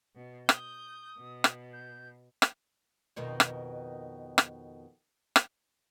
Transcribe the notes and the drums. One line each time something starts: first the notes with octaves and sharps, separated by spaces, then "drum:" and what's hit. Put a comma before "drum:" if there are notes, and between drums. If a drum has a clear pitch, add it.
B2
D#6 G6, drum: rim click
B2
drum: rim click
G6
drum: rim click
F2 B2 D#3
drum: rim click
drum: rim click
drum: rim click